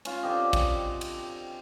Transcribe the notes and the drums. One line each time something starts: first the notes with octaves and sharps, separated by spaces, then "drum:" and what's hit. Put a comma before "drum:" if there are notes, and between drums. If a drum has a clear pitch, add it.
C#4 F4, drum: cymbal
D3 C4 G4 D#5
drum: kick, cymbal
drum: cymbal